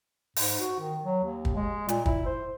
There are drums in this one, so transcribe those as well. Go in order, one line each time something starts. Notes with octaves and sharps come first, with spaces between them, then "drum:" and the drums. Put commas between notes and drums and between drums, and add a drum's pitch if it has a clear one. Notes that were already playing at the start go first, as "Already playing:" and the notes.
G#2, drum: open hi-hat
F#4
D#3
F#3
D#2
drum: kick
G#3
A#2, drum: hi-hat
E4, drum: kick
C5